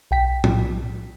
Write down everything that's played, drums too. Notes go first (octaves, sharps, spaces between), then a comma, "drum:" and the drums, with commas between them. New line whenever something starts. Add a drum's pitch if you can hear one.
B1 G5 B6
drum: tom A2